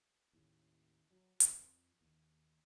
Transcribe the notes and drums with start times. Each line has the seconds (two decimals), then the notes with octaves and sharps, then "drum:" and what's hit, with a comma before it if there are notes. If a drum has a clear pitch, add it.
0.33 D#2 A2 C#3
1.11 F#3
1.40 F2, drum: hi-hat
2.01 D#2